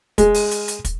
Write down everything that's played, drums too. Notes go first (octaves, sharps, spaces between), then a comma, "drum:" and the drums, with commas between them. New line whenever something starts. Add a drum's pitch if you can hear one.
G#3, drum: kick, hi-hat
drum: open hi-hat
drum: hi-hat
drum: hi-hat
drum: kick, hi-hat